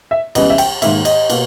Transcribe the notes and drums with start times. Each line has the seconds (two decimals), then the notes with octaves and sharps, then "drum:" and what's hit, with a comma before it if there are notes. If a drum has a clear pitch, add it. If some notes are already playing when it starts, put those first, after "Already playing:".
0.11 E5
0.35 C#2 C#3 E3 G3 B3 D#5, drum: cymbal
0.50 E5
0.58 G5, drum: cymbal
0.82 G#2 D#3 A#3 E5, drum: cymbal
1.05 D#5, drum: cymbal
1.30 B2 A#3, drum: cymbal